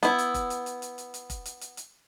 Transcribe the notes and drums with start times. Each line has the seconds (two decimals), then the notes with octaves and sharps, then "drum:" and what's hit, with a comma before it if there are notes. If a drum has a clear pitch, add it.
0.03 B3 E4, drum: hi-hat
0.18 drum: hi-hat
0.34 drum: kick F1, hi-hat
0.50 drum: hi-hat
0.66 drum: hi-hat
0.82 drum: hi-hat
0.98 drum: hi-hat
1.14 drum: hi-hat
1.30 drum: kick F1, hi-hat
1.45 drum: hi-hat
1.61 drum: hi-hat
1.77 drum: hi-hat